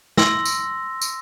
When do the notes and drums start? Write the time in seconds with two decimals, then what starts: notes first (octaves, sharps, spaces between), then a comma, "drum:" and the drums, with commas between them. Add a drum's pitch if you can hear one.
0.17 C6 E6 A#6, drum: snare
0.45 drum: tambourine
1.02 drum: tambourine